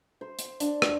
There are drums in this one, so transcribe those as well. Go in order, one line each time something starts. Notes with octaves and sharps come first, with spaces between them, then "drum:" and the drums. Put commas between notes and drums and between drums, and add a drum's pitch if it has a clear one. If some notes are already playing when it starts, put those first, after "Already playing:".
C5
drum: hi-hat
D4, drum: hi-hat
drum: rim click